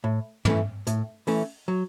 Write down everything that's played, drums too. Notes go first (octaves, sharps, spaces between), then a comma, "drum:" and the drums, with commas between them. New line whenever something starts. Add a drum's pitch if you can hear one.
A2
E3 A3 C#4, drum: tom
A2, drum: hi-hat
E3 A3 C#4, drum: open hi-hat
F#3